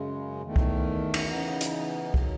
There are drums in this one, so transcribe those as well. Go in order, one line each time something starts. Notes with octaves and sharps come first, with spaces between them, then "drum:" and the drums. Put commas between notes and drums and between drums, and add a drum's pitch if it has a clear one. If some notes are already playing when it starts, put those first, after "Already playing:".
Already playing: F#2 C#3 G#3
E2 D#3 A3
drum: kick C2
drum: cymbal
C#3 E3 B3 D#4
drum: hi-hat
D#3 F#3, drum: kick C2